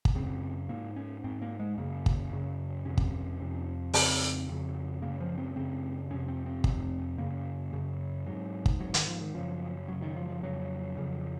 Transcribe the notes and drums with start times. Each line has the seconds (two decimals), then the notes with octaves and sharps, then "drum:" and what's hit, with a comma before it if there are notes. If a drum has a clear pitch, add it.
0.05 drum: kick
0.15 F#2 C#3 C4
0.69 G#2 A#3
0.96 C#4
1.24 G#2 C4
1.42 A#3
1.60 G#3
1.78 F#2 C#3 A#3
2.06 drum: kick
2.32 F#2 C#3
2.85 F2 C3 C#4
2.98 drum: kick
3.40 F2 C3
3.94 F2 C#3 C4, drum: open hi-hat
4.48 F2 C#3
5.02 F#2 C#3 A#3
5.20 F3
5.38 C4
5.56 F#2 C#3 C4
6.10 F2 C3 C#4
6.28 C4
6.46 C4
6.64 F2 C3, drum: kick
7.18 F#2 C#3 A#3
7.73 F#2 C#3
8.26 G#2 F#3
8.66 drum: kick
8.80 G#2 F#3
8.94 D#3, drum: hi-hat
9.07 F3
9.21 D#3
9.35 F#2 C#3 F3
9.88 F#2 C#3 F#3
10.02 D#3
10.16 F3
10.29 F3
10.43 F2 C#3 F#3
10.97 F2 C#3